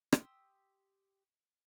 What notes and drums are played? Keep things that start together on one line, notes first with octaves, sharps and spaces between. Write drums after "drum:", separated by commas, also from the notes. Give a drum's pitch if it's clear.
G4 C6 D#6 E6, drum: rim click